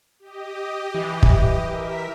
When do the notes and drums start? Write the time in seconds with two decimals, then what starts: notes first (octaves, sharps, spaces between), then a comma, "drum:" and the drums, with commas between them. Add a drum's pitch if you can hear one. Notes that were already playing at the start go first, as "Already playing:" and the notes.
0.19 G4 D#5
0.94 E3
1.23 drum: kick
1.67 A#4 E5 B6